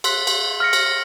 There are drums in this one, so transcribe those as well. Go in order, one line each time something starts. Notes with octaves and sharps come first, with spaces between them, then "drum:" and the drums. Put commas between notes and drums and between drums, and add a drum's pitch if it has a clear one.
C6 E6 F#6 B6, drum: cymbal
drum: cymbal
F6 A#6 C#7
drum: cymbal